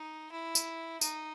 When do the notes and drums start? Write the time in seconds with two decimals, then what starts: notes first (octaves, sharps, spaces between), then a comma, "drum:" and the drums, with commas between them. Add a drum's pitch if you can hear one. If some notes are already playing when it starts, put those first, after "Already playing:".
Already playing: D#4
0.32 E4
0.55 drum: tambourine
1.01 D#4, drum: tambourine